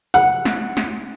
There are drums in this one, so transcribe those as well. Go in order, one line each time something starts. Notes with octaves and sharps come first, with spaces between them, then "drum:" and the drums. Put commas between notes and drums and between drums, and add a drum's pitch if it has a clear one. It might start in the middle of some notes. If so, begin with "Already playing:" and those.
F#5, drum: hi-hat
drum: snare
drum: snare